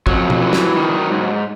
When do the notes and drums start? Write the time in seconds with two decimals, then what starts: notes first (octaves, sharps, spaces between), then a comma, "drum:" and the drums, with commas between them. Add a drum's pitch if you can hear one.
0.07 F2 F#3, drum: kick
0.30 drum: tom B2
0.41 E3
0.53 drum: snare
0.76 D#3
1.11 G#2